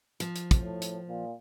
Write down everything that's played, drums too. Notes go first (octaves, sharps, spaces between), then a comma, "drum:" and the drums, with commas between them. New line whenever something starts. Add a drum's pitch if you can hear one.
F3, drum: hi-hat
drum: hi-hat
drum: kick, hi-hat
A2
drum: hi-hat
A#2